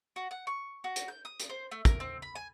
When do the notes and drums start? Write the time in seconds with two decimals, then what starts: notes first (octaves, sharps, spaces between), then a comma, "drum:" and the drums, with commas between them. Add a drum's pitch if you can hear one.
0.16 F#4
0.31 F#5
0.47 C#6
0.84 F#4
0.96 drum: hi-hat
1.08 G6
1.25 D#6
1.40 drum: hi-hat
1.50 C5
1.71 A3
1.85 A#4, drum: kick, hi-hat
2.00 C4
2.22 B5
2.35 G#5